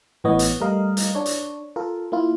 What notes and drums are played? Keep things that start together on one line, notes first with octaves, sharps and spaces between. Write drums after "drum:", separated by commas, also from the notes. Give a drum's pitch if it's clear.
A1 A2 E3 B3 C#5 D#5
drum: hi-hat
G3 A3 A#4 D#5 F5
drum: hi-hat
D4 C#5
drum: hi-hat
F4 A4 A#4
A#3 E4 F4